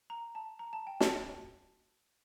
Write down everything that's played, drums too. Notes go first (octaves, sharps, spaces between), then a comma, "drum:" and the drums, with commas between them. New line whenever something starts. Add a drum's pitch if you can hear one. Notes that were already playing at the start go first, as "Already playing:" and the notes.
A#5
A5
A#5
A5
G5
A5, drum: snare